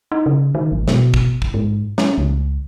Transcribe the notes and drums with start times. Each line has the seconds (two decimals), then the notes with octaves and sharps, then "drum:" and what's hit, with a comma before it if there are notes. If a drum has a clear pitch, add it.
0.12 D#4
0.26 C#3
0.55 D#3
0.72 G#1
0.88 B2, drum: snare
1.14 drum: kick
1.42 drum: kick
1.54 G#2
1.98 C#4, drum: snare
2.18 C#2